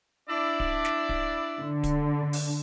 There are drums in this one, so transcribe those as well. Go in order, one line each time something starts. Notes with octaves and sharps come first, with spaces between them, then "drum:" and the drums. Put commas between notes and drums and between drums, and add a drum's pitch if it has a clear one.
D4 E4 D5
drum: kick D1
drum: snare
drum: kick D1
D3
drum: kick D1, hi-hat
drum: open hi-hat